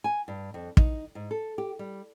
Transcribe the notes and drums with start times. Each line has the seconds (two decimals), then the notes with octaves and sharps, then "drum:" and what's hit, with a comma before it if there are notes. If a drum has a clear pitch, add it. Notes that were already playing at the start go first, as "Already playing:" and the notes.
0.04 G#5
0.28 G2
0.54 F2
0.77 D#4, drum: kick
1.15 G#2
1.31 A4
1.58 G4
1.79 G3